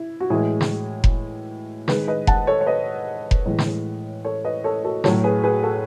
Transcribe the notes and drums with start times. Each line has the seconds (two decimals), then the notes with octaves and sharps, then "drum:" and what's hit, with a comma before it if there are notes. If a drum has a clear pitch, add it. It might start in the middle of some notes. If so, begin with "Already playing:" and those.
Already playing: E4
0.20 F#4
0.30 A2 E3 G#3 E4 G#4
0.61 drum: snare
1.04 drum: kick F1
1.88 D#3 G#3 G#4 B4, drum: snare
2.08 B4 D#5
2.27 F#5 A5, drum: kick F1
2.47 A4 C#5
2.61 C#5
2.66 B4 D#5
3.31 drum: kick F1
3.46 A2 E3 G#3
3.58 drum: snare
4.25 A4 C#5
4.44 B4 D#5
4.64 A4 C#5
4.84 F#4 A4
5.04 A2 F#3 A3 A4 C#5, drum: snare
5.24 G#4 B4
5.43 G#4 B4
5.63 F#4 A4